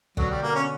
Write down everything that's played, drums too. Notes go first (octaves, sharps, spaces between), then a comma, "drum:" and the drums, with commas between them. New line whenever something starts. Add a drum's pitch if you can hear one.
B2 D3 F#3, drum: kick
G3
A#3
C#4